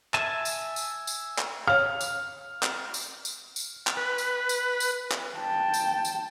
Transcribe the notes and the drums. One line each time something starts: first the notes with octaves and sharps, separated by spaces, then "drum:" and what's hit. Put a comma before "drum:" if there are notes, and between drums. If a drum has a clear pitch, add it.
E5 G#5 A5, drum: clap
drum: tambourine
drum: tambourine
drum: tambourine
drum: clap
C#5 F5 F6
drum: tambourine
drum: clap
drum: tambourine
drum: tambourine
drum: tambourine
drum: clap
B4
drum: tambourine
drum: tambourine
drum: tambourine
drum: clap
G5 A5
drum: tambourine
drum: tambourine